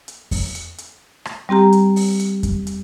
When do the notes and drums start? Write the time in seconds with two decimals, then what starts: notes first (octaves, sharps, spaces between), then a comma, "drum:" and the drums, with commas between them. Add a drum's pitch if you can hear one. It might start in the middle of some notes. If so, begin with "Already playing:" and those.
0.08 drum: hi-hat
0.31 drum: kick F2, open hi-hat
0.55 drum: hi-hat
0.78 drum: hi-hat
1.25 drum: rim click
1.49 G3 C4 G4 A#5
1.73 drum: hi-hat
1.96 drum: open hi-hat
2.20 drum: hi-hat
2.43 drum: kick F2, hi-hat
2.67 drum: hi-hat